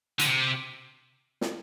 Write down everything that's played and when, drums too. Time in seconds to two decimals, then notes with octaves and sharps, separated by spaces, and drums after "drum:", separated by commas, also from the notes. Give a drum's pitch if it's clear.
0.19 D3, drum: hi-hat
0.24 C3
1.41 drum: snare